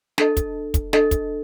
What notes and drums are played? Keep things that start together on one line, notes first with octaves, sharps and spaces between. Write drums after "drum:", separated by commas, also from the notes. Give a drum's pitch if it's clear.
D4 A4 D#5 A5, drum: snare
drum: kick, hi-hat
drum: kick, hi-hat
D4 A4 D#5 A5, drum: snare
drum: kick, hi-hat